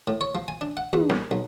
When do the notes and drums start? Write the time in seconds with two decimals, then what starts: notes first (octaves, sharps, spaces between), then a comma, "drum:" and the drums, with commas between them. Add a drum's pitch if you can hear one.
0.07 A2
0.21 C#5
0.35 F3
0.48 G#5
0.61 D4
0.77 F#5
0.93 E2, drum: tom
1.10 C2, drum: snare
1.31 B1